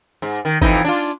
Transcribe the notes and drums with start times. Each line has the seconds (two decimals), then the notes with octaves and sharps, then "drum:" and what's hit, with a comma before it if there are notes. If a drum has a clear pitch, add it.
0.22 G#2, drum: tambourine
0.45 D#3
0.62 F2 E3 D#4, drum: kick G1, tambourine
0.85 D4 F4
1.00 drum: tambourine